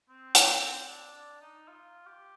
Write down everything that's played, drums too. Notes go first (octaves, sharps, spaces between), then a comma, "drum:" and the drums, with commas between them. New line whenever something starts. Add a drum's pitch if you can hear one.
C4
drum: hi-hat
D4
D4
D#4
F4
G4